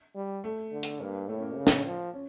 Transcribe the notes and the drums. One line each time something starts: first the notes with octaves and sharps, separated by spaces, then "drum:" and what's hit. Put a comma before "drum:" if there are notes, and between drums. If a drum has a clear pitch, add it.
G3
A3
D3
drum: hi-hat
G2 A#3
A2 A3
C#4
A#3
C#3
drum: snare
F3
C#4